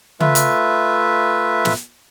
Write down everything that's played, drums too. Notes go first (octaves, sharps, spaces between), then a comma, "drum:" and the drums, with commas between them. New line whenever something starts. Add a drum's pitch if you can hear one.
A3 F4 B4 E5, drum: tom C#3
drum: hi-hat
drum: snare